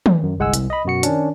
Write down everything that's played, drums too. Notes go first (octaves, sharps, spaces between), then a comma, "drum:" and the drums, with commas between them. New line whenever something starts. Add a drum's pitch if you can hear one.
drum: tom
F#2
G1 C2 G#3 F#5 G#5 E6
C2, drum: hi-hat
D#5 B5
F#2 B2 F#4 C#7
D#3 C#4 D4, drum: hi-hat